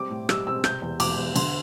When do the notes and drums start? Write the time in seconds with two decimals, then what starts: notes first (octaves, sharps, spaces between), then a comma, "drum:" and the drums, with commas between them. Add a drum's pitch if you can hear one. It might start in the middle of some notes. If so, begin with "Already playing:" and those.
Already playing: G3 C4 D6
0.10 A2
0.29 G3 E6, drum: rim click
0.47 C4 E6
0.64 C3 G6, drum: rim click
0.82 E2
1.00 E2 D6, drum: cymbal
1.18 E2
1.36 D3 C6, drum: cymbal